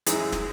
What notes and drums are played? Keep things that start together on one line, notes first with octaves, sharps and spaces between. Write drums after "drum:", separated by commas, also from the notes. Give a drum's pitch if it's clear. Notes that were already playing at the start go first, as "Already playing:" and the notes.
F#2 E3 G#3 D#4 G#4, drum: hi-hat
drum: snare